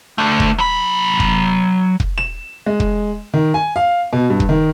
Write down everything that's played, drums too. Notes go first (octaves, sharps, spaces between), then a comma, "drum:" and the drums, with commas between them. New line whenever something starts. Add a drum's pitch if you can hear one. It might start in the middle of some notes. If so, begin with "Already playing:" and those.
D3 A3
drum: kick
F#3 B5
drum: kick
drum: kick
E7
G#3
drum: kick
D#3
G#5
F5
B2
G2
drum: kick
D#3